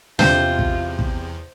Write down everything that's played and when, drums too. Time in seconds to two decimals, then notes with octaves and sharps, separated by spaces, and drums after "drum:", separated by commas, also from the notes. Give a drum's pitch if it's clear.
0.19 E2 C3 F4 C5, drum: snare
0.59 drum: kick
0.99 drum: kick